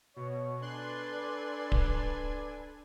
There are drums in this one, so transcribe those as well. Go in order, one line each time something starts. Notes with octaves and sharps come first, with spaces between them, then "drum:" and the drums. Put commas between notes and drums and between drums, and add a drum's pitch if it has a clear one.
B2 C#5
D4 A4 B4 D5 G#5 C6 F#6
drum: kick D1